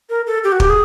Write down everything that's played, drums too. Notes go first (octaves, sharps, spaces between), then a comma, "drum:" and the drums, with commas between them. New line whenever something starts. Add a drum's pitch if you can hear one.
A#4
A4
G4
F#4
G4, drum: kick
G#4